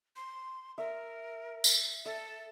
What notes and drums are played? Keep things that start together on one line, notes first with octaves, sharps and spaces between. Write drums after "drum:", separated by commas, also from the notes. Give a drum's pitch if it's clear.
C6
A#4 E5
drum: tambourine
A4 E5